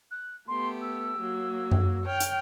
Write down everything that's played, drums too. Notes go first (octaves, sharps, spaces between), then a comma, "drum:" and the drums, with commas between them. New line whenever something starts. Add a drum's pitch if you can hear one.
F#6
A3 B3 G4 C6
E6
F#3 A#3
drum: tom F#2
C#5 G5 F6
drum: hi-hat